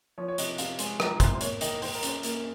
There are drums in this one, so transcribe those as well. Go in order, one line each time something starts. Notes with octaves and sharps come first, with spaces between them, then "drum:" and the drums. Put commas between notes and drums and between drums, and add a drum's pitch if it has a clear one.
F3 C#5
C#5
C3 D#5, drum: hi-hat
C3 F5, drum: hi-hat
G#3 C5, drum: hi-hat
F3 A#4, drum: rim click
C3 C5, drum: kick, hi-hat
C5
A#3 C#5, drum: hi-hat
D#3 D#5, drum: hi-hat
D#3 C5, drum: open hi-hat
A#4
C#4 C5, drum: hi-hat
A#3, drum: hi-hat